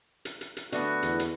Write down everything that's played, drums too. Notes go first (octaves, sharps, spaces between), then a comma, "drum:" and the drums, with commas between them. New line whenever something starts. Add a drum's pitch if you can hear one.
drum: hi-hat
drum: hi-hat
drum: hi-hat
D3 A3 B3 F#4, drum: hi-hat
E2, drum: hi-hat
drum: hi-hat